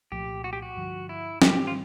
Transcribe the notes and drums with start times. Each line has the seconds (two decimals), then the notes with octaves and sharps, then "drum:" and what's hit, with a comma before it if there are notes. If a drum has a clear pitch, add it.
0.12 C2 A#2 F3 A3 G4
0.44 F#4
0.53 G4
0.62 F#4
0.76 G2 D3 F3
1.09 E4
1.42 G#2 D#3 G3 G4, drum: snare
1.67 F4